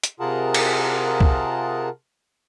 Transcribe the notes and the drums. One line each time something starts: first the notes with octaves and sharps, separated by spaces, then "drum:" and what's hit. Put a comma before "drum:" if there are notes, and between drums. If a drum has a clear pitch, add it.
drum: hi-hat
C3 F4 G#4 A#4 F#5 A5
drum: cymbal
drum: kick